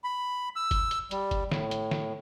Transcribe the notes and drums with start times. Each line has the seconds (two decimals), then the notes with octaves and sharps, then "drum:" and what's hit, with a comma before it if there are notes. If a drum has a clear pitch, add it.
0.04 B5
0.56 E6
0.71 drum: kick, hi-hat
0.91 drum: hi-hat
1.11 G3, drum: hi-hat
1.31 drum: kick, hi-hat
1.52 A2, drum: snare
1.71 drum: hi-hat
1.91 drum: snare